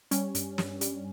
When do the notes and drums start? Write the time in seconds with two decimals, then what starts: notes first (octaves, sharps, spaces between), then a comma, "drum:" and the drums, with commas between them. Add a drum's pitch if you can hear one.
0.11 G3 C#4, drum: hi-hat
0.35 G2, drum: hi-hat
0.58 G2, drum: snare
0.81 G3, drum: hi-hat